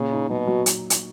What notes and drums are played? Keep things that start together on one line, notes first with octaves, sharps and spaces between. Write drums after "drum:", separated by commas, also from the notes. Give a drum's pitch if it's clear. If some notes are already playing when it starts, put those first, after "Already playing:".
Already playing: A#2 C#3
D#4
B2 F#3
F#3
drum: hi-hat
drum: hi-hat